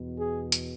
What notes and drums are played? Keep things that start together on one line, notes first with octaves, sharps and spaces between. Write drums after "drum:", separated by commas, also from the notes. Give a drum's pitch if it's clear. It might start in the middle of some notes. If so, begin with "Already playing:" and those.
Already playing: E2 B2
G#4
drum: hi-hat